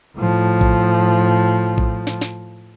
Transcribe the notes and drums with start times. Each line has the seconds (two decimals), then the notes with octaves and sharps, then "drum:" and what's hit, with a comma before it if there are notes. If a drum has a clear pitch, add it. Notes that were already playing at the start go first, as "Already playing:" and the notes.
0.17 A2 F3
0.61 drum: kick A#1
1.78 drum: kick A#1
2.07 drum: snare
2.21 drum: snare